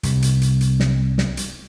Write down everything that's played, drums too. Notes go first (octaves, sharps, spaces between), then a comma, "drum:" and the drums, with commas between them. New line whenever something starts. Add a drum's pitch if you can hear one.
C2 C3, drum: hi-hat
drum: hi-hat
drum: hi-hat
drum: hi-hat
drum: snare
drum: snare
drum: hi-hat